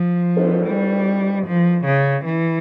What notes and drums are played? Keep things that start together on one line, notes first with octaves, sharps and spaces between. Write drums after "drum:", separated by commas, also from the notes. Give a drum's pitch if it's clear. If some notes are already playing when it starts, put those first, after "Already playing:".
Already playing: F3
drum: cymbal
G3
F3
C#3
E3